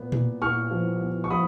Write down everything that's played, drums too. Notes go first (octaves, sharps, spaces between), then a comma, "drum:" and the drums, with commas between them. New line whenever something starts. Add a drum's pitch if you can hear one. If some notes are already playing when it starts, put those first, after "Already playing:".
Already playing: A#2 B3
A#2, drum: tom A#2
A#2 C#6 F6
F3
B3
C#6
F3 B5 D#6